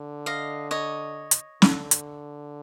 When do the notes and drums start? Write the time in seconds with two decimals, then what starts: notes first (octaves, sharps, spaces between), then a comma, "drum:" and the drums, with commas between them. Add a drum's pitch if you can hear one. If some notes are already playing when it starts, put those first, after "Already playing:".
Already playing: D3
0.26 D#5 F5
0.71 C#5 D#5
1.31 drum: hi-hat
1.62 D3, drum: snare
1.91 drum: hi-hat